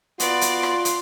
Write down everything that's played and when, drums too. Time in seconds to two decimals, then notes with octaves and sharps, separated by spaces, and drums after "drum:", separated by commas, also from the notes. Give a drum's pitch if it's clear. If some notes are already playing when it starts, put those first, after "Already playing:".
0.20 B3 F4 F#4 D5 C6, drum: hi-hat
0.41 drum: hi-hat
0.63 drum: rim click
0.85 drum: hi-hat